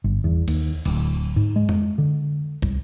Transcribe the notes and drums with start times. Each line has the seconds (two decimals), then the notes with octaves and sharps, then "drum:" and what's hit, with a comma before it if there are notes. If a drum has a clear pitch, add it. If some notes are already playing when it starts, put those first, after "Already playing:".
0.04 G1
0.24 E2
0.48 D#2, drum: cymbal
0.85 D1, drum: cymbal
1.36 G#2
1.56 G#3
1.69 drum: tom F2
1.98 D3
2.62 C2, drum: kick